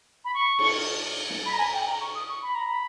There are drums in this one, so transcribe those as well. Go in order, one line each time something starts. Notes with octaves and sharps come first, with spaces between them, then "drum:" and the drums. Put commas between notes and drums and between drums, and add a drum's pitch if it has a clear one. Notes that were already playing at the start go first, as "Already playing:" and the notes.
B5
C#6
drum: cymbal
drum: snare
B5
A#5
G#5
G5
A#5
C#6
D#6
C#6
B5
A#5
B5